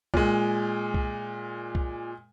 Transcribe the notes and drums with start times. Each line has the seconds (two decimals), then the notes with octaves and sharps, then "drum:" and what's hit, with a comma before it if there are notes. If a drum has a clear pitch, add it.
0.14 A#2 G#3, drum: kick C2
0.94 drum: kick C2
1.75 drum: kick C2